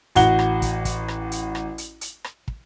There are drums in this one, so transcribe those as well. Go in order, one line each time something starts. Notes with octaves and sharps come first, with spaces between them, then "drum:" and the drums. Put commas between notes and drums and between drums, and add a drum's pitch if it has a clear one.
A1 F#4 F#5 G7, drum: hi-hat
drum: rim click
drum: kick, hi-hat
drum: kick, hi-hat
drum: rim click
drum: hi-hat
drum: rim click
drum: hi-hat
drum: hi-hat
drum: rim click
drum: kick